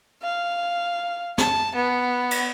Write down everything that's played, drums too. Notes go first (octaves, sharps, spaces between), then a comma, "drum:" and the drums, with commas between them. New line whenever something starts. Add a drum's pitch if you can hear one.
F5
A5, drum: snare
B3
drum: cymbal